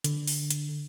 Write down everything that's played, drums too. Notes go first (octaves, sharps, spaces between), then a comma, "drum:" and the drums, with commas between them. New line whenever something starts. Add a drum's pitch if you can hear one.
D3, drum: hi-hat
drum: open hi-hat
drum: hi-hat